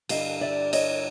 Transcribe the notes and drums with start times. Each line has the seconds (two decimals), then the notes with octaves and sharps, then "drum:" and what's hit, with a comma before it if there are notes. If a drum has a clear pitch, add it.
0.09 G2 D3 G3 D#5 F5, drum: cymbal
0.41 D5 E5
0.73 C#5 D#5, drum: cymbal